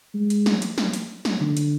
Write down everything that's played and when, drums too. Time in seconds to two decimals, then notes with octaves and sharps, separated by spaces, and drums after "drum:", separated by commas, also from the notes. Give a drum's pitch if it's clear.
0.14 G#3
0.30 drum: hi-hat
0.46 drum: snare
0.62 drum: hi-hat
0.78 drum: snare
0.93 drum: hi-hat
1.25 drum: snare
1.41 D3
1.57 drum: hi-hat